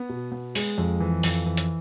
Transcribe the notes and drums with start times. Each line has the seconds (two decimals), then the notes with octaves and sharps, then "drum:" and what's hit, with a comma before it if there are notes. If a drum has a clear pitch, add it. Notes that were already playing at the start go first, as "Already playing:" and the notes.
Already playing: B3
0.09 B2
0.32 B3
0.55 G#3, drum: open hi-hat
0.78 F2
1.00 E3
1.23 F2, drum: open hi-hat
1.46 E3
1.57 drum: hi-hat